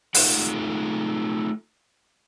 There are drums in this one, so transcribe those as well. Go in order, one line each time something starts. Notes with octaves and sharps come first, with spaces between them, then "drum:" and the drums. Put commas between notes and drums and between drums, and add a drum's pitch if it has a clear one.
A3 D#4 F4 G#4 F5 F#5, drum: open hi-hat